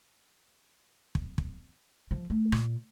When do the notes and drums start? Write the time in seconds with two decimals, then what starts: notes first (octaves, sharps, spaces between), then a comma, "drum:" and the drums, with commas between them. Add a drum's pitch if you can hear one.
1.15 drum: kick
1.38 drum: kick
2.11 F3
2.30 A3
2.52 A#2, drum: rim click